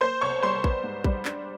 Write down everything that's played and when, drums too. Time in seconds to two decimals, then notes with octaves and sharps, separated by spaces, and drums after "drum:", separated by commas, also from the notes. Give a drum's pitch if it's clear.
0.01 A#3 C5 C6
0.21 C2 C#5 C#6
0.42 G3 C5 C6
0.64 B3, drum: kick
0.84 G#2
1.04 G3, drum: kick
1.25 D4, drum: clap